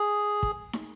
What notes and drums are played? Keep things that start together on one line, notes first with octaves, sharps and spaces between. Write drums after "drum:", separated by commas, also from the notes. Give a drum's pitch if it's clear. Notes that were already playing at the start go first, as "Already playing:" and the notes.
Already playing: G#4
drum: kick
drum: snare